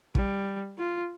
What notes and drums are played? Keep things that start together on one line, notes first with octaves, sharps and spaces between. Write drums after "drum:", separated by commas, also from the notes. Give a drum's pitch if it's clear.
G3, drum: kick
F4